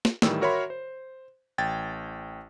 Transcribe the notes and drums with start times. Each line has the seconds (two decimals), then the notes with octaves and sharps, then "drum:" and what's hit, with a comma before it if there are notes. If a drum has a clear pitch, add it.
0.05 drum: snare
0.22 A2 D#3 E3 G3 E6, drum: snare
0.41 F#4 A#4 C#5 E5 B5 C6
0.70 C5
1.58 A1 G5 G#6 A6